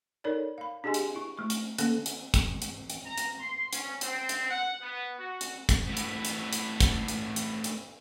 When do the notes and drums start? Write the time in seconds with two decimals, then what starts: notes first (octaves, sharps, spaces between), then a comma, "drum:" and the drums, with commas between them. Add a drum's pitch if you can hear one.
0.24 D#4 A4 A#4 C#5 D5
0.58 F5 B5
0.84 D4 G4 G#4 D#5 G#5 C6
0.94 drum: hi-hat
1.15 E4 C#6
1.37 A3 C#6
1.50 drum: hi-hat
1.78 D3 A#3 C#4 A4, drum: hi-hat
2.06 drum: hi-hat
2.34 drum: kick, hi-hat
2.62 drum: hi-hat
2.90 drum: hi-hat
3.05 A#5
3.18 drum: hi-hat
3.39 C6
3.73 C#4, drum: hi-hat
4.01 C4, drum: hi-hat
4.29 drum: hi-hat
4.50 F#5
4.82 B3
5.19 F#4
5.41 drum: hi-hat
5.69 drum: kick, hi-hat
5.87 A2 B3
5.97 drum: hi-hat
6.25 drum: hi-hat
6.53 drum: hi-hat
6.80 drum: kick, hi-hat
7.08 drum: hi-hat
7.36 drum: hi-hat
7.64 drum: hi-hat